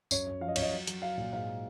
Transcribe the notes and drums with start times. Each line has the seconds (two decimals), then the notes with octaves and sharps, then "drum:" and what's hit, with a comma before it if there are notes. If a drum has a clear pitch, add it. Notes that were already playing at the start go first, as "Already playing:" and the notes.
0.11 F#2 C#5, drum: tambourine
0.27 F#2
0.41 F3 F5
0.48 D#5
0.56 F#2 C#5, drum: cymbal
0.62 D#5
0.72 F#3
0.87 F#3, drum: hi-hat
1.02 F#3 F5
1.18 A#2
1.32 G#2 F5